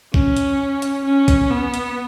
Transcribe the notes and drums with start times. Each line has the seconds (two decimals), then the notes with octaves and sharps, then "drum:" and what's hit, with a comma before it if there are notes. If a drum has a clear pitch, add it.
0.14 C#4, drum: kick A#1
0.37 drum: hi-hat
0.82 drum: hi-hat
1.05 C#4
1.28 drum: kick A#1, hi-hat
1.51 B3
1.74 drum: hi-hat